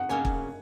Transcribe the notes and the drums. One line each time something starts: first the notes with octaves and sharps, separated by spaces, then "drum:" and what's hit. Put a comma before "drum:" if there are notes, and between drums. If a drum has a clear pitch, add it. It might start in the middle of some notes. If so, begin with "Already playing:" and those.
Already playing: D#4 F#4 F#5
C#3 F#3 A#3 C#4 G#5
drum: kick